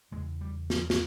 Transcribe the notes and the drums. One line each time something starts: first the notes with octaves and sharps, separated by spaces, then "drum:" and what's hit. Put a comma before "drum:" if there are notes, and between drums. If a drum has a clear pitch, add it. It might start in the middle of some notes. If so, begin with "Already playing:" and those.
E2 C#3 G#3
G3
F3, drum: snare
drum: snare